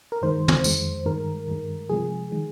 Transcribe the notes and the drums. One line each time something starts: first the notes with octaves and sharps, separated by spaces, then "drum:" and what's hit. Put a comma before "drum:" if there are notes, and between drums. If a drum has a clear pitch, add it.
A#4
G2 D#3 G#3 C5
drum: tom
F2 D#3 G#3, drum: tambourine
G2 D#3 G#3 A#4
G2 D#3 G#3
C3 F3 G#3 G#4
D#3 G#3